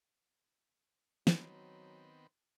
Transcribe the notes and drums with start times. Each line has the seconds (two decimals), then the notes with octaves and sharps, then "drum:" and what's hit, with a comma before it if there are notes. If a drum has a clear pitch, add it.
1.27 D#3 F#3 B3 C4, drum: snare